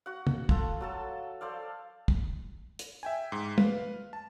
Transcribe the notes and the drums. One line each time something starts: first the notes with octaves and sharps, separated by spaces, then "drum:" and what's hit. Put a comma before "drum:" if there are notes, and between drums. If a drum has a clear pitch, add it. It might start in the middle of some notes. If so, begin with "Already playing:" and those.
F#4 F#5
drum: tom
F4 A4, drum: kick
F#3 A4 A5
A4 C5 D5 F5
drum: kick
drum: hi-hat
E5 G5 G#5
G#2
B4 F5, drum: tom
A5